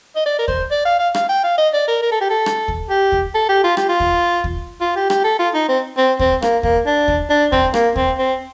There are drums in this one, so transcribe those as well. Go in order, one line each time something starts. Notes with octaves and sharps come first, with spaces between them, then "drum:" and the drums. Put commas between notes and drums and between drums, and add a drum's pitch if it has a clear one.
D#5
D5
A#4
C5, drum: kick
D5
F5
F5
F5, drum: rim click
G5
F5
D#5
D5
A#4
A#4
A4
G4
A4
drum: rim click
drum: kick
G4
drum: kick
A4
G4
F4
G4, drum: rim click
F4
drum: kick
drum: kick
F4
G4
G4, drum: rim click
A4
F4
D#4
C4
C4
C4, drum: kick
A#3, drum: rim click
A#3, drum: kick
D4
drum: kick
D4
C4, drum: kick
A#3, drum: rim click
C4, drum: kick
C4